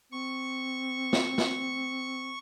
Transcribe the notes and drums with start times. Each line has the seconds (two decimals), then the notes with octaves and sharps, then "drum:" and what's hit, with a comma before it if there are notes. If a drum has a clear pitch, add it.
0.12 C4 C#6
1.13 drum: snare
1.38 drum: snare